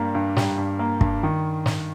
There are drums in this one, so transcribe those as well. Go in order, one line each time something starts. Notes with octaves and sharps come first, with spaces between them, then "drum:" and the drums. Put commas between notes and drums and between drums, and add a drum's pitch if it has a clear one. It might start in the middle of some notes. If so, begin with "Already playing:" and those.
Already playing: G2 G3 A#3
G2
G3, drum: snare
G2
A#3
G2, drum: kick
D#3
drum: snare